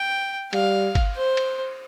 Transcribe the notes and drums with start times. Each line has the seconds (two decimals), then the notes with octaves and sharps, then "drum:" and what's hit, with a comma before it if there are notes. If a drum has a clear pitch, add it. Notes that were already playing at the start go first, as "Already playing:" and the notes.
Already playing: G5
0.53 G3 F5, drum: cymbal
0.95 drum: kick G1, cymbal
1.16 C5
1.37 drum: cymbal